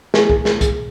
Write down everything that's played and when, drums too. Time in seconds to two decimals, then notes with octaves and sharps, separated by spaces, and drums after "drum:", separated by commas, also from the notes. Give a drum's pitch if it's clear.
0.14 G#4, drum: snare
0.30 drum: kick
0.45 drum: snare
0.61 drum: kick, hi-hat